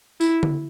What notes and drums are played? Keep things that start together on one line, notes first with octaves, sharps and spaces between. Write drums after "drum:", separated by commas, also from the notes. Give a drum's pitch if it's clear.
E4, drum: tambourine
drum: tom D3